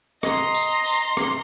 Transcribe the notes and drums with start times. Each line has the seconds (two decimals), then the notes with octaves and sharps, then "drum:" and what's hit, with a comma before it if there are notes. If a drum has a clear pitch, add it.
0.23 D#5 A#5 C6, drum: rim click
0.55 drum: tambourine
0.86 drum: tambourine
1.17 drum: rim click